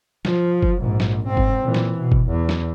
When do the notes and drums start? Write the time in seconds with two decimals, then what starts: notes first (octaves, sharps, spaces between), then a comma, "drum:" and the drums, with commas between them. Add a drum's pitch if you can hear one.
0.25 F3, drum: snare
0.63 drum: kick F#1
0.80 A#1 G#2
1.00 drum: snare
1.26 G#2 C4
1.37 drum: kick F#1
1.64 A#2 E3
1.74 drum: snare
2.00 B2
2.12 drum: kick F#1
2.30 E2
2.49 drum: snare